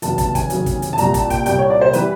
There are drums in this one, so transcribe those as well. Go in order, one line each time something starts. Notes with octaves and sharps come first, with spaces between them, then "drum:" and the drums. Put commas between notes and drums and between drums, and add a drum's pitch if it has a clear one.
F1 D#2 C#3 F#3 A5, drum: hi-hat
A5, drum: kick, hi-hat
G#5, drum: kick, hi-hat
F1 D#2 C#3 F#3, drum: hi-hat
drum: kick, hi-hat
drum: hi-hat
A5
C2 A#2 G3 A#5, drum: hi-hat
A5, drum: kick, hi-hat
G5, drum: kick, hi-hat
C2 A#2 G3 G5, drum: hi-hat
C#5
D5
C5
E3 G3 B4, drum: hi-hat